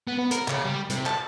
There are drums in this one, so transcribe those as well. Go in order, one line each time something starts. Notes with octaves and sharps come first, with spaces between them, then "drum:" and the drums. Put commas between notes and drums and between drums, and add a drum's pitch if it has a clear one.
B3
B3
A#4, drum: hi-hat
C#3, drum: clap
G3
C3, drum: hi-hat
A5, drum: clap